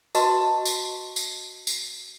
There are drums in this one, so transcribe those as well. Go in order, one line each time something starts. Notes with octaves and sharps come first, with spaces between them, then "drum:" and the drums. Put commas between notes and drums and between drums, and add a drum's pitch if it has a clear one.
F#4 B4 D#5 A5 C6 C#6, drum: tambourine
drum: tambourine
drum: tambourine
drum: tambourine